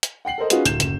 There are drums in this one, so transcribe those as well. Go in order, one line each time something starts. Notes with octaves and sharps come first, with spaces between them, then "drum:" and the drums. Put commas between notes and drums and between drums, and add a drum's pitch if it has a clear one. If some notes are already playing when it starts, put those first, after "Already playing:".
drum: hi-hat
F#5 G5 C7 F#7
A4 A#4 C5 D#5
C#4 D#4 F4 F#4 G#4 B4, drum: hi-hat
D1 G6 E7, drum: hi-hat
F#1 E7, drum: hi-hat